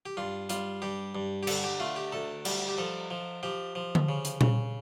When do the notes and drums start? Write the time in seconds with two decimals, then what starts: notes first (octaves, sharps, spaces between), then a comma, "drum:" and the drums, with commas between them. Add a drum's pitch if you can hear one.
0.06 G4
0.17 G2 F4
0.49 G3 F4, drum: hi-hat
0.82 G2 G4
1.15 G2
1.43 G4
1.47 D3 A4, drum: cymbal
1.64 G4
1.80 A3 F4
1.96 G4
2.12 D2 A4
2.45 G3, drum: cymbal
2.68 G4
2.78 F3 A4
3.11 F3
3.43 F3 G4
3.75 F3
3.95 drum: tom D3
4.09 C#3
4.25 drum: hi-hat
4.41 C#3, drum: tom A#2